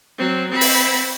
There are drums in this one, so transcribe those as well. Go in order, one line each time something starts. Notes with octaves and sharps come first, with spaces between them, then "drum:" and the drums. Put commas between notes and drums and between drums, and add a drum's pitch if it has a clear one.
F#3 C4
C4 B5
drum: open hi-hat